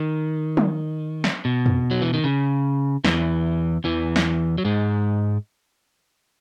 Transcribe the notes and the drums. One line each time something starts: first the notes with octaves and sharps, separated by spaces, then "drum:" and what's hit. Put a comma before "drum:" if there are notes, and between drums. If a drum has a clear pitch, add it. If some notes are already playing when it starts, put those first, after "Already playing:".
Already playing: D#3
drum: tom
drum: snare
B2
drum: tom
F#3
E3
D#3
C#3
E2 E3, drum: snare
E2 E3
drum: snare
F#3
G#2 G#3